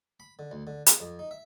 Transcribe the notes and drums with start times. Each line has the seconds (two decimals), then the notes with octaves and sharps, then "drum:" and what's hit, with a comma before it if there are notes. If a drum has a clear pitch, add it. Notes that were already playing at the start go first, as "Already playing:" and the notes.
0.20 B5
0.39 D3
0.51 D2
0.67 D3
0.86 G#4, drum: hi-hat
1.00 F2
1.19 D#4
1.31 E5